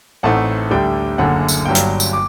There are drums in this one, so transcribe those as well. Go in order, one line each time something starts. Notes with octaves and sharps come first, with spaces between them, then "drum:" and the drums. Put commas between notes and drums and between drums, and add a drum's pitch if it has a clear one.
A1 A2 A3 C4 D#4 F#5 A5
D2 D3 G3 D4 G5
F#1 F#2 D3 F#5
drum: tambourine
G1 G2 F#3 G5
drum: hi-hat
drum: tambourine
D6